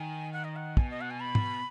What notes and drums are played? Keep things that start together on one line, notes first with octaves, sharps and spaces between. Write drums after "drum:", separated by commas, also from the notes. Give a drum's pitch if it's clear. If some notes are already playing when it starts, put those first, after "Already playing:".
Already playing: D#3 G#5
F#5
D#5
F#5
B2 G#5, drum: kick
D#5
F#5
G#5
B5
drum: tom G#2